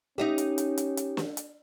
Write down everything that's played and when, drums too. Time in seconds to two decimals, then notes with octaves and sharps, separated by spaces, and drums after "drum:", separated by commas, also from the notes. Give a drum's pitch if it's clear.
0.18 C#4 D#4 G4 D#5 E5
0.38 drum: hi-hat
0.58 drum: hi-hat
0.78 drum: hi-hat
0.97 drum: hi-hat
1.17 drum: snare
1.37 drum: hi-hat